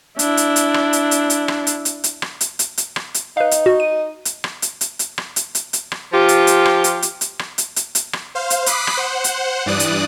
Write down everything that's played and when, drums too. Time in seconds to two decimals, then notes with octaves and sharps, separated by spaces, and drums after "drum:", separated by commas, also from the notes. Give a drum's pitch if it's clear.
0.19 D4 E4, drum: hi-hat
0.37 drum: hi-hat
0.56 drum: hi-hat
0.74 drum: rim click
0.93 drum: hi-hat
1.11 drum: hi-hat
1.30 drum: hi-hat
1.48 drum: rim click
1.67 drum: hi-hat
1.85 drum: hi-hat
2.04 drum: hi-hat
2.22 drum: rim click
2.41 drum: hi-hat
2.59 drum: hi-hat
2.78 drum: hi-hat
2.96 drum: rim click
3.14 drum: hi-hat
3.37 D#4 B4 F5
3.51 drum: hi-hat
3.66 F#4
3.80 D#7
4.25 drum: hi-hat
4.44 drum: rim click
4.62 drum: hi-hat
4.81 drum: hi-hat
4.99 drum: hi-hat
5.18 drum: rim click
5.36 drum: hi-hat
5.55 drum: hi-hat
5.73 drum: hi-hat
5.92 drum: rim click
6.13 F3 F4 G4
6.29 drum: hi-hat
6.47 drum: hi-hat
6.65 drum: rim click
6.84 drum: hi-hat
7.02 drum: hi-hat
7.21 drum: hi-hat
7.39 drum: rim click
7.58 drum: hi-hat
7.76 drum: hi-hat
7.95 drum: hi-hat
8.13 drum: rim click
8.35 C5 F5
8.50 drum: hi-hat
8.66 B5 D6 D#6 F#6 B6 C7, drum: hi-hat
8.87 drum: rim click
8.97 C5 F#5
9.24 drum: hi-hat
9.66 G2 E3 D5 D#6 F#6
9.80 drum: hi-hat